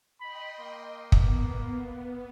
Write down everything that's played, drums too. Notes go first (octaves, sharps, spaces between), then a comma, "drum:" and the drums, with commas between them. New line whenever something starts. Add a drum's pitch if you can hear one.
D#5 G5 B5 C6
A#3
B3, drum: kick